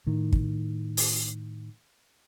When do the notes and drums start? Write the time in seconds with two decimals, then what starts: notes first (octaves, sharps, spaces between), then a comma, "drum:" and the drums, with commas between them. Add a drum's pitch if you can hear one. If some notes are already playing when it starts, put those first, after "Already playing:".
0.07 A2 D#3
0.33 drum: kick
0.97 drum: open hi-hat